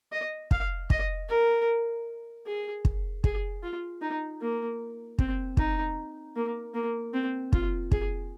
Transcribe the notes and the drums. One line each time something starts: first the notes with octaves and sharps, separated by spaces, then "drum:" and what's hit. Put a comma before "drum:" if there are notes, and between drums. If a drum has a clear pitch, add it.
D#5
F5, drum: kick
D#5, drum: kick
A#4
G#4
drum: kick
G#4, drum: kick
F4
D#4
A#3
C4, drum: kick
D#4, drum: kick
A#3
A#3
C4
F4, drum: kick
G#4, drum: kick